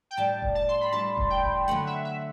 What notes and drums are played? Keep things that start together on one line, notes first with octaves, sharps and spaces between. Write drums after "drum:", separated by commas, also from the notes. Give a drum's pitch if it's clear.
G5
A2 G3 D4 A5
drum: kick F1
A5
C6
B5
A2 G3 D4 A5
drum: kick F1
G5
drum: kick F1
D3 F#3 A3 F#5
E5
E5